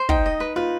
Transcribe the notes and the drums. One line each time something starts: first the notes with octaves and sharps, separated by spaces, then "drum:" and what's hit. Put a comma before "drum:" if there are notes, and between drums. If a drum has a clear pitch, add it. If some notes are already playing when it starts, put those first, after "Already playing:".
Already playing: C5
D#4 G5, drum: kick
D#5
B4
F4 B4